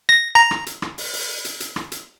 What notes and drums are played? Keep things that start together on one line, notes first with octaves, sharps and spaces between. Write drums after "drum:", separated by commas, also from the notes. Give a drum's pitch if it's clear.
A#6
A#5
drum: rim click
drum: hi-hat
drum: rim click
drum: open hi-hat
drum: open hi-hat
drum: hi-hat
drum: hi-hat
drum: rim click
drum: hi-hat